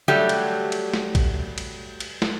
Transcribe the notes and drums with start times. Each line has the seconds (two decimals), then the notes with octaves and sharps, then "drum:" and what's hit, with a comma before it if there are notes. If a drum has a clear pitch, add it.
0.08 F#3 G3 A3 G4 D5
0.29 drum: cymbal
0.72 drum: cymbal
0.94 drum: snare
1.15 drum: kick, cymbal
1.58 drum: cymbal
2.00 drum: cymbal
2.22 drum: snare